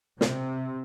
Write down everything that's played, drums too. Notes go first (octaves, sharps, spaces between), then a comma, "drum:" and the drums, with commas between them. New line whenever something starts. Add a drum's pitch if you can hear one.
C3, drum: snare